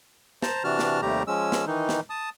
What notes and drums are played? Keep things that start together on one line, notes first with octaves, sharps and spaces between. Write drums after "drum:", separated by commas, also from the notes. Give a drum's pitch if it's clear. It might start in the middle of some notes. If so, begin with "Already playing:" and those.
C5 A5 A#5, drum: snare
C3 E3 D4 F#4 A5 F6
drum: snare
D#2 C3 G3 A3 G4 A#5
F3 G#3 C#4 E6
drum: snare
D#3 E3 D#4
drum: snare
A5 D#6